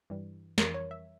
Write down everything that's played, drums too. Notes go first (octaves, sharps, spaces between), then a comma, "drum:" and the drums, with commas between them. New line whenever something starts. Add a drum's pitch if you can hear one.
G2 E3 G3
F2 E3 G3 A#4, drum: snare
C#5
E5